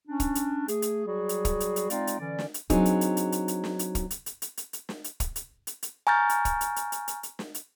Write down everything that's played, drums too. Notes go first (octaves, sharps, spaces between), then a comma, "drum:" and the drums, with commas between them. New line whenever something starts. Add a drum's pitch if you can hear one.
C#4 D4
drum: kick, hi-hat
drum: hi-hat
A3 G#4, drum: hi-hat
drum: hi-hat
F#3 G3 F#4 G#4
drum: hi-hat
drum: kick, hi-hat
drum: hi-hat
drum: hi-hat
G#3 C4 D#4 F4 D5 F5, drum: hi-hat
drum: hi-hat
D3 E3 C#4 D5
drum: snare
drum: hi-hat
F#3 C4 D4 D#4 G#4, drum: kick, hi-hat
drum: hi-hat
drum: hi-hat
drum: hi-hat
drum: hi-hat
drum: hi-hat
drum: snare
drum: hi-hat
drum: kick, hi-hat
drum: hi-hat
drum: hi-hat
drum: hi-hat
drum: hi-hat
drum: hi-hat
drum: snare
drum: hi-hat
drum: kick, hi-hat
drum: hi-hat
drum: hi-hat
drum: hi-hat
G#5 A#5 C#6 F6 G6 A6
drum: hi-hat
drum: kick, hi-hat
drum: hi-hat
drum: hi-hat
drum: hi-hat
drum: hi-hat
drum: hi-hat
drum: snare
drum: hi-hat